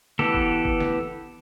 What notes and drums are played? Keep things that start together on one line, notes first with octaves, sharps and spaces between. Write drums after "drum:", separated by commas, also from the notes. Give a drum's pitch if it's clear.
E3 B3 G4 A4, drum: snare
drum: kick
drum: kick
drum: snare